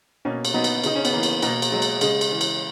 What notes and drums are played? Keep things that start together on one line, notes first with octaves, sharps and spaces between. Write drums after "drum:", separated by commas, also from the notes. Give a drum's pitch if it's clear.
B2 A#3 C#4
drum: cymbal
F#3 B3 D#4
drum: cymbal
C#3 D#4, drum: cymbal
C#4
B3, drum: cymbal
E3 A#3
drum: cymbal
B2 A#3, drum: cymbal
drum: cymbal
F#3 G#3
drum: cymbal
C#3 G#3, drum: cymbal
drum: cymbal
E3
drum: cymbal